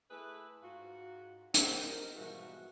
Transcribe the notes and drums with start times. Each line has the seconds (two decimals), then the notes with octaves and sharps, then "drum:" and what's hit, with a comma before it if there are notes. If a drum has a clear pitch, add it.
0.10 A3 E4 G#4 B4
0.62 G#2 F4 F#4
1.54 A#3 C4 D#4, drum: hi-hat
1.83 D#4 A#4
2.16 G#2 B2 E3 F3 G3 F#4